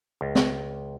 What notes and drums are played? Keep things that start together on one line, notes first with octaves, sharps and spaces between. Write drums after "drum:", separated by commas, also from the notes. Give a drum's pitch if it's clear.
C#2
drum: snare